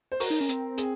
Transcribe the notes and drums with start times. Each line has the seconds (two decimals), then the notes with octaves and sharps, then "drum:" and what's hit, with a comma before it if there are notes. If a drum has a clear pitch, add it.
0.12 C5
0.20 F#4 A#4, drum: open hi-hat
0.30 D#4
0.40 C#4
0.49 C4, drum: hi-hat
0.78 G#4, drum: hi-hat